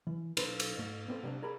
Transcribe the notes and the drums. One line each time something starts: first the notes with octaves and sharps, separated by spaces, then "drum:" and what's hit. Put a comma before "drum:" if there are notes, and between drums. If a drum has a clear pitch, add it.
E3
B1 D4 A4 B4 C5, drum: cymbal
drum: cymbal
G#2 A3
B3 C4 A4
C3 G3 A#3 C4 D4
G#4 A#4 D5 A#5 B5